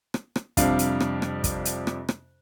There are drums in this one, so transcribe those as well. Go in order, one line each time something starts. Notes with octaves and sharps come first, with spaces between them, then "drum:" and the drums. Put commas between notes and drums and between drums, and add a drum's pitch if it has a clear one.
drum: rim click
drum: rim click
F2 C3 G3 D4 F5, drum: kick, hi-hat
drum: hi-hat
drum: rim click
drum: rim click
drum: kick, hi-hat
drum: hi-hat
drum: rim click
drum: rim click